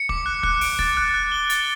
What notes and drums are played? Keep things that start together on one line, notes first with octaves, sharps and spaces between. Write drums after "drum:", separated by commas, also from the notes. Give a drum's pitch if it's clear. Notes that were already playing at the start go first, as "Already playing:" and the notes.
Already playing: C#7
D6, drum: kick
F#6
F#6, drum: kick
D7, drum: open hi-hat
A6, drum: kick
F#6
F#6
G7
A6, drum: hi-hat